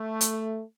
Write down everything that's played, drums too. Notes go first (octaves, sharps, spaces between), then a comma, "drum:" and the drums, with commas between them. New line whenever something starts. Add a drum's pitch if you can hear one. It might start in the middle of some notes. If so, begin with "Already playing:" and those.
Already playing: A3
drum: hi-hat